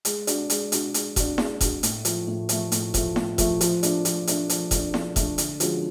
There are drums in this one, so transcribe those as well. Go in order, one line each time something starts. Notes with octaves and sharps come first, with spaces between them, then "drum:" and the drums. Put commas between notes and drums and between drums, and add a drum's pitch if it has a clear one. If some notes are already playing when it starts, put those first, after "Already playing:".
G#3, drum: hi-hat
D4 F#4, drum: hi-hat
G#3, drum: hi-hat
D4 F#4, drum: hi-hat
G#3, drum: hi-hat
D4 F#4, drum: kick F1, hi-hat
G#3, drum: snare E4
D4 F#4, drum: kick F1, hi-hat
A2, drum: hi-hat
F3 A3, drum: hi-hat
A2
F3 A3, drum: hi-hat
A2, drum: hi-hat
F3 A3, drum: kick F1, hi-hat
A2, drum: snare E4
F3 A3, drum: kick F1, hi-hat
F3, drum: hi-hat
A3 D4, drum: hi-hat
F3, drum: hi-hat
A3 D4, drum: hi-hat
F3, drum: hi-hat
A3, drum: kick F1, hi-hat
D4
F3, drum: snare E4
A3 D4, drum: kick F1, hi-hat
D3, drum: hi-hat
F3 G#3 C#4 F#4, drum: hi-hat